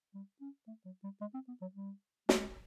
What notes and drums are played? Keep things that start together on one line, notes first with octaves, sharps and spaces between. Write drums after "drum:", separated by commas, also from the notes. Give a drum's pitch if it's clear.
G3
C#4
A3
F#3
G3
G#3
C4
B3
F#3
G3
G#3, drum: snare